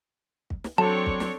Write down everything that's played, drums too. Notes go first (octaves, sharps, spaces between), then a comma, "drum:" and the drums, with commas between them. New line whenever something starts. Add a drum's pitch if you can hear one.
drum: kick
drum: snare
F#3 C4 D4 A4 C#5 A5
drum: kick
drum: snare